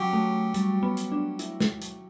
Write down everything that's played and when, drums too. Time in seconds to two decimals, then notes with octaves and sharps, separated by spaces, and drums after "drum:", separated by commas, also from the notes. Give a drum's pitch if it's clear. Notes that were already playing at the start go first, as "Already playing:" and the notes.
Already playing: F#3 C#4 F#4 G4
0.13 A3
0.54 G3, drum: hi-hat
0.83 B3
0.97 drum: hi-hat
1.12 D4
1.39 E4, drum: hi-hat
1.60 drum: snare
1.82 drum: hi-hat